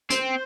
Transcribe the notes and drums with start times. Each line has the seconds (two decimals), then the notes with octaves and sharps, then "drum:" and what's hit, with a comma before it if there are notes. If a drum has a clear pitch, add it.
0.10 C4 C5, drum: hi-hat